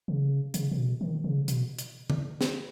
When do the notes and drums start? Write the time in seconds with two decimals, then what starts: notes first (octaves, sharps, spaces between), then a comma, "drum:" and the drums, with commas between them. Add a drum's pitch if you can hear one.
0.08 C#3
0.54 C#3, drum: hi-hat
0.71 C#3
0.78 B2
1.01 D#3
1.24 C#3
1.48 B2, drum: hi-hat
1.79 drum: hi-hat
2.10 drum: tom
2.41 drum: snare